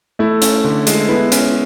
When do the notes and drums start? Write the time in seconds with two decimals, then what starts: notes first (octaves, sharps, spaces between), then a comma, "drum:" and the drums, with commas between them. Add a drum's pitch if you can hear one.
0.19 A3 E4
0.42 C#4, drum: hi-hat
0.64 D3
0.87 G#3, drum: hi-hat
1.09 B3 E4
1.32 C#4, drum: hi-hat